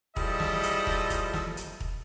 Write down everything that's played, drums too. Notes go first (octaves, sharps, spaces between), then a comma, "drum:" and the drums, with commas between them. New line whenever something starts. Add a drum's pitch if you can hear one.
F3 G3 E4 G#4 A4 D#5, drum: kick
drum: snare
drum: hi-hat
drum: kick
drum: kick, hi-hat
drum: snare
drum: hi-hat
drum: kick